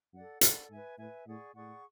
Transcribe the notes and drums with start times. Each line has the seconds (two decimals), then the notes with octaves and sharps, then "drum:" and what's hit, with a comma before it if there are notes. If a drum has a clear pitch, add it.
0.13 F#2 A4 D5 F#5
0.41 F#2 A4 D5 F#5, drum: hi-hat
0.70 G#2 B4 E5 G#5
0.98 A2 B4 E5 G#5
1.26 A2 G#4 D5 F#5 C#6
1.55 A2 G#4 D5 F#5 C#6